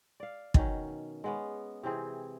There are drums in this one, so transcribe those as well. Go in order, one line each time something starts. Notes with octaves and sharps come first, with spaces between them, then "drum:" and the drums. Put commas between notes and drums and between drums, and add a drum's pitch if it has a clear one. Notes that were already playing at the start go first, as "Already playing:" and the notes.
D5 F5
B2 D#3 F#3 C#4, drum: kick
G#3 B3 C#4
C3 E3 C4 G#4